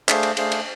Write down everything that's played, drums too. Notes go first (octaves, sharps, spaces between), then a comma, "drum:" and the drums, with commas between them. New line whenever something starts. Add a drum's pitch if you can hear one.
A3 D4 G#4 C5 F5, drum: clap
drum: cymbal
A3 D4 G#4 C5 F5, drum: cymbal
drum: cymbal